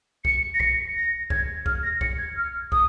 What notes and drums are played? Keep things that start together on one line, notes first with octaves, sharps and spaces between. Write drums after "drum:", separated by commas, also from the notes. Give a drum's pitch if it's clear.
C#7, drum: kick
A#6
C#7, drum: kick
A#6
G#6, drum: kick
F6, drum: kick
A#6
C#7, drum: kick
G#6
F6
D#6, drum: kick